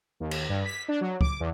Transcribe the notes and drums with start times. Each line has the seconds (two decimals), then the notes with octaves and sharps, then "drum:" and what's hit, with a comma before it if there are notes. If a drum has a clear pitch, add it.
0.20 D#2
0.31 drum: cymbal
0.49 G2
0.65 B6
0.88 D4
1.01 F#3
1.21 D6, drum: kick
1.40 E2